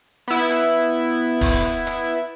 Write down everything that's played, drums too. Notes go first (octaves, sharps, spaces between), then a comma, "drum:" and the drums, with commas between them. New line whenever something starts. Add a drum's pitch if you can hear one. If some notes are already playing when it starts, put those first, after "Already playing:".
B3 E4
drum: hi-hat
drum: kick D1, open hi-hat
drum: hi-hat